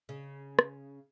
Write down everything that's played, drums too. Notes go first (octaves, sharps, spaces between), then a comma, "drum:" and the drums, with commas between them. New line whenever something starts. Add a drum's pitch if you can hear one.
C#3
drum: rim click